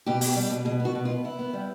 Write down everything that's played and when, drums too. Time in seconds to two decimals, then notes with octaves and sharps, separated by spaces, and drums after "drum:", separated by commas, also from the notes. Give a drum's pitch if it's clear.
0.06 B2 G4
0.21 B2, drum: open hi-hat
0.36 G3
0.50 B2
0.65 B2 G#4
0.80 B3
0.85 F#4
0.95 B2
1.05 F4
1.10 B3
1.24 B3 E4
1.39 B3
1.53 G3